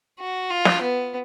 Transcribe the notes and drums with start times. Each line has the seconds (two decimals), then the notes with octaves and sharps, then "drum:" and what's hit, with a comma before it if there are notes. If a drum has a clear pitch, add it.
0.19 F#4
0.51 F4
0.65 drum: snare
0.82 B3